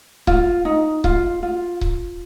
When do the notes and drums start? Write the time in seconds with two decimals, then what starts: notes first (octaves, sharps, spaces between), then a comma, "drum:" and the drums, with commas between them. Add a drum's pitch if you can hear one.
0.27 F4, drum: kick C#1
0.65 D#4
1.04 F4, drum: kick C#1
1.43 F4
1.81 drum: kick C#1